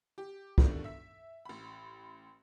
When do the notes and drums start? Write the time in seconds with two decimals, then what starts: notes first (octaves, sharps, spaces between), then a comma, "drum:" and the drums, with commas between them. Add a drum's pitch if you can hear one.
0.18 G4
0.58 B2 D3 D#3 G3 A3, drum: kick
0.84 E5 E6 B6
1.45 A1 B5